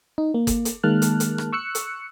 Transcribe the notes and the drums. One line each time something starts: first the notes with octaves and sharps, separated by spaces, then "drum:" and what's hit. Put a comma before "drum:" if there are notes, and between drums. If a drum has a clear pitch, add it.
D#4
A#3
drum: kick, hi-hat
drum: hi-hat
D#3 G#3 A#3 A5 F6 F#6
drum: hi-hat
drum: hi-hat
drum: rim click
C#6 E6 F#6 C#7
drum: hi-hat